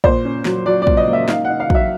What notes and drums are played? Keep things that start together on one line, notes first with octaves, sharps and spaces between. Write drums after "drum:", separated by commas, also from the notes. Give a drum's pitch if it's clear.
A#2 C5, drum: kick
C#4
F#3, drum: snare
F#3 D5
D5
A#2, drum: kick
D#5
A#3
E5
D#4 F5, drum: snare
D#4 F#5
F5
F#3 E5, drum: kick